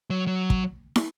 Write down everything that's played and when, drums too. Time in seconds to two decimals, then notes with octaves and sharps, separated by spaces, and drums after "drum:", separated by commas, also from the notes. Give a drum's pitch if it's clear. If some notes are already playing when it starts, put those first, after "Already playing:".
0.10 F#3
0.27 F#3
0.50 drum: kick
0.96 drum: snare